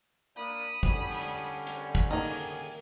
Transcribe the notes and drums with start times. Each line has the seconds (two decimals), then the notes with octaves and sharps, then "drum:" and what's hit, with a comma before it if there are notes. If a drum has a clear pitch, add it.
0.36 A#3 D4 B5 D#6
0.83 D3 G3 C#4, drum: kick
1.11 drum: open hi-hat
1.67 drum: hi-hat
1.95 drum: kick
2.11 D#3 A#3 G#4
2.23 drum: open hi-hat